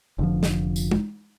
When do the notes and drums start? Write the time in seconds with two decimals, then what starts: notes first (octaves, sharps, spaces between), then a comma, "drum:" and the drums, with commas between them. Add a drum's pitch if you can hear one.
0.19 F1 D3 F3
0.43 drum: snare
0.76 drum: tambourine
0.91 drum: tom